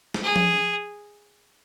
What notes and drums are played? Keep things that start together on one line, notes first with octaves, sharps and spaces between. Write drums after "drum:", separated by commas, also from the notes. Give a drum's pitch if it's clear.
drum: snare
G#4
drum: tom F3